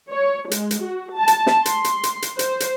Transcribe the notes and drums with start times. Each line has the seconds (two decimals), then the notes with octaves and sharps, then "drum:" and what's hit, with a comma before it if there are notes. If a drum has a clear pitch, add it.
0.11 C#5
0.51 G#3, drum: hi-hat
0.71 drum: hi-hat
0.83 F#4
1.17 A5
1.28 drum: hi-hat
1.47 drum: snare
1.66 C6, drum: hi-hat
1.84 drum: hi-hat
2.03 drum: hi-hat
2.22 drum: hi-hat
2.39 C5, drum: hi-hat
2.60 drum: hi-hat